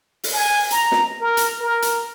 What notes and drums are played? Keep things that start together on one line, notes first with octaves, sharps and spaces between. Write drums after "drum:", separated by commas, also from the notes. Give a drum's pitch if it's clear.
drum: open hi-hat
G#5
A#5, drum: hi-hat
drum: snare
A#4
drum: hi-hat
A#4
drum: hi-hat